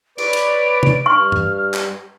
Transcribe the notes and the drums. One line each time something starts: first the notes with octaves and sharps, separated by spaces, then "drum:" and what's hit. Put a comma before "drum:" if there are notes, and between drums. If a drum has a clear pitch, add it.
B4 C#5 D5 D7, drum: cymbal
drum: cymbal
drum: tom
G2 C#6 F6
drum: tom
drum: clap